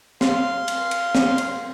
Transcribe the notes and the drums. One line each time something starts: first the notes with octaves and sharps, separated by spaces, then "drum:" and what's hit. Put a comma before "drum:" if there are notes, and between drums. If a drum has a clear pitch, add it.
F5 C6, drum: snare
drum: cymbal
drum: cymbal
drum: snare
drum: cymbal